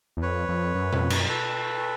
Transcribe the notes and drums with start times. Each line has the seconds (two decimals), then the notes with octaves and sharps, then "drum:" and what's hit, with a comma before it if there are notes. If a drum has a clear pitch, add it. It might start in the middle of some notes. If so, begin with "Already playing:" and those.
0.17 E2
0.22 F2 B4 C#5
0.49 F2
0.75 F#2
0.93 F2, drum: tom B2
1.10 F#2, drum: cymbal
1.28 A4 B4